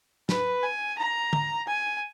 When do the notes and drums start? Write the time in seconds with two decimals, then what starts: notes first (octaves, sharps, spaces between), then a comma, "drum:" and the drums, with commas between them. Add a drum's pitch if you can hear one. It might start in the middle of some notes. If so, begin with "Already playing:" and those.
0.29 B4, drum: snare
0.63 G#5
0.98 A#5
1.33 drum: tom
1.67 G#5